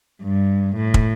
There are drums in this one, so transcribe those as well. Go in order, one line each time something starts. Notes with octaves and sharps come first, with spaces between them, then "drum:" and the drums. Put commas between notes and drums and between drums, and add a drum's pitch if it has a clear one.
G2
A2
drum: kick